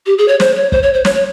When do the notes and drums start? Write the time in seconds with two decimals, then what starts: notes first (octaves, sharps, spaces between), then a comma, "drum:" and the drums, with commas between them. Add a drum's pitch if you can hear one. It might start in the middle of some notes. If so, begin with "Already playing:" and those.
0.06 G4
0.18 G#4
0.28 C#5
0.40 C5, drum: snare
0.56 C#5
0.72 C5, drum: kick
0.83 C#5
0.94 C5
1.05 C#5, drum: snare
1.15 C#5